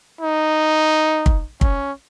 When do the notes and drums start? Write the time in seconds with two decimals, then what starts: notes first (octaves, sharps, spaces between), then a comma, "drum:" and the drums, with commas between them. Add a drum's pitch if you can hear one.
0.21 D#4
1.26 drum: kick
1.61 C#4, drum: kick